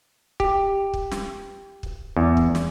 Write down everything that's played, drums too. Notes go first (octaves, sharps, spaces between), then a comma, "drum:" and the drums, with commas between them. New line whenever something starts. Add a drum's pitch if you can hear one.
G4, drum: kick
drum: kick
drum: snare
drum: kick
E2
drum: kick
drum: snare